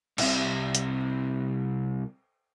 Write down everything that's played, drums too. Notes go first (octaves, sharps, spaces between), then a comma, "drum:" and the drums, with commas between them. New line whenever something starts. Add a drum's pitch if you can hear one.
C2 C3, drum: cymbal
drum: hi-hat